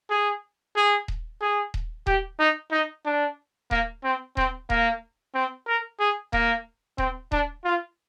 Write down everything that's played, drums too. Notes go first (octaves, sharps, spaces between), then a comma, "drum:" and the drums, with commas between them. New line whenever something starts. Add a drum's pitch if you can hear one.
G#4
G#4
drum: kick D#1
G#4
drum: kick D#1
G4, drum: kick D#1
D#4
D#4
D4
A#3, drum: kick D#1
C4
C4, drum: kick D#1
A#3, drum: kick D#1
C4
A#4
G#4
A#3, drum: kick D#1
C4, drum: kick D#1
D4, drum: kick D#1
F4